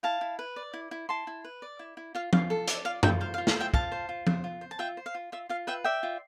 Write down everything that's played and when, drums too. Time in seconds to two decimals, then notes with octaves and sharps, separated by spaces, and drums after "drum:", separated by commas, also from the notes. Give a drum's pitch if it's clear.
0.03 E4 F5 A5
0.21 E4
0.39 B4
0.56 D5
0.74 E4
0.91 E4
1.09 E4 A5 C6
1.27 E4
1.44 B4
1.62 D5
1.79 E4
1.97 E4
2.15 F4 F5
2.33 F4 F5, drum: tom F3
2.50 A4
2.68 D5 E5, drum: hi-hat
2.85 F4 F5
3.03 F4 E5 G5, drum: tom F#2
3.21 C5 F5
3.34 F5
3.38 F4
3.47 F5, drum: snare
3.56 C5 E5 G5
3.74 F4 F5 A5, drum: kick
3.92 C5
4.09 F4
4.27 C5, drum: tom F3
4.44 F4
4.61 C5
4.71 A5
4.79 F4 E5 G5
4.97 C5
5.06 F5
5.15 F4
5.32 F4 E5
5.49 F4 F5
5.67 B4 E5 G5
5.84 D5 E5 G5
6.03 F4